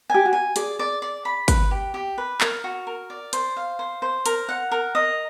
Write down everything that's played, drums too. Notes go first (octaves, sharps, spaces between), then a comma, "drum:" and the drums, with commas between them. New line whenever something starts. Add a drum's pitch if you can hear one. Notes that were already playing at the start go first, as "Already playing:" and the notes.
G4 G#5
F#4
G#5
G#4 D5, drum: hi-hat
D5
D5
B5
B4, drum: kick G#1, hi-hat
G4
G4
B4
A#4, drum: clap
F#4
A#4
D5
C5, drum: hi-hat
F5
C5
C5
A#4, drum: hi-hat
F#5
A#4
D#5